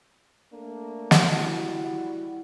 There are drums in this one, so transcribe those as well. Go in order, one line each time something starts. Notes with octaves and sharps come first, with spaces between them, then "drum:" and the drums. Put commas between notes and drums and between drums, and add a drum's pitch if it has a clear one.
A3 A#3 D4
drum: snare
G3 E4 F#4